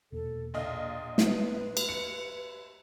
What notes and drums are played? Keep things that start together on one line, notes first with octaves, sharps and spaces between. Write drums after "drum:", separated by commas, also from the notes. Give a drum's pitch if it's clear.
E2 B2 A#3 A4
A#1 D5 D#5 F5
A#3 B4, drum: snare
drum: cymbal
C#7